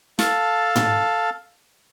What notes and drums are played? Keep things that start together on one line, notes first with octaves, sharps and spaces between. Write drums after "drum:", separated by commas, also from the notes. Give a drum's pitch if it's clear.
A4 F5 A5, drum: snare
drum: tom